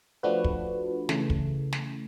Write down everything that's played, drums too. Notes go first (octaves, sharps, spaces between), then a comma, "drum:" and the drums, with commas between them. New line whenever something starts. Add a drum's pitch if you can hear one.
F3 A3 D4 F#4 B4
drum: kick
C#3 E3 A3, drum: snare
drum: kick
drum: snare